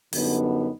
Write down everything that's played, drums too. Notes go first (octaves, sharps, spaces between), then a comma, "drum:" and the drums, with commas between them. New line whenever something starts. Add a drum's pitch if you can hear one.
F#2 D3 G3 B3 D#4, drum: open hi-hat